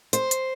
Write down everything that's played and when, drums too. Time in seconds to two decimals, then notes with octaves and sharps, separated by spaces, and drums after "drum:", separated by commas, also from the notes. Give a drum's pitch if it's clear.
0.13 C5, drum: hi-hat
0.31 drum: hi-hat